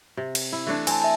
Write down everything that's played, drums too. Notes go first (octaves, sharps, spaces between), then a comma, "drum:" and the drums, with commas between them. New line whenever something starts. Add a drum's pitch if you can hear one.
C3
drum: cymbal
E4
E3 A3 D4
C4 G#5 A5, drum: cymbal
E5 A5